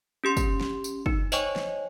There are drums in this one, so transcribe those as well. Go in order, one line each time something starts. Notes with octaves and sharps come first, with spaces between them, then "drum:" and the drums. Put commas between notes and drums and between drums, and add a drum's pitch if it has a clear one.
C#4 G4 C6
drum: kick, tambourine
drum: snare
drum: tambourine
D#4, drum: kick
C5 C#5 D#5 G5 G#5 C#6, drum: tambourine
drum: snare